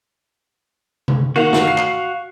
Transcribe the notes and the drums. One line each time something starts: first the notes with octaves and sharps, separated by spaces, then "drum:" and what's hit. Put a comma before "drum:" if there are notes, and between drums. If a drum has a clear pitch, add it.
drum: tom C3
D#3 A#3 F#4 F5 F#5
drum: snare
C7
drum: clap